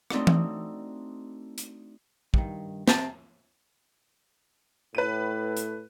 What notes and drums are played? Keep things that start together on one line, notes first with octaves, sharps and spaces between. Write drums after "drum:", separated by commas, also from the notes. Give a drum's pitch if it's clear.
A3 C4 D4 D#4 F#4, drum: rim click
drum: tom E3
drum: hi-hat
G2 D#3, drum: kick
C3 C4 A5, drum: snare
A2 B4 D#7
drum: hi-hat